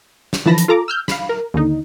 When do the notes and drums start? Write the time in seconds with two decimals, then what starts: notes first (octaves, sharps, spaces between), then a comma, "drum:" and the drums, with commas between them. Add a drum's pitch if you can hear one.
0.33 drum: snare
0.45 D3 E3 F3 A5 B5 A#6
0.58 drum: hi-hat
0.68 F4 A4 A#5 D6
0.88 E6 F6 G6
1.08 F5 B5, drum: snare
1.29 A#4
1.54 D#2 D3 D#4